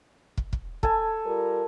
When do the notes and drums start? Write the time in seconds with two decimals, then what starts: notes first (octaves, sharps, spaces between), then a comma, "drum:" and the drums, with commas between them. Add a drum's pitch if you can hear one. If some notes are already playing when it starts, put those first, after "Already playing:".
0.37 drum: kick
0.53 drum: kick
0.83 A4 G#5, drum: kick
1.25 G3 F4 A#4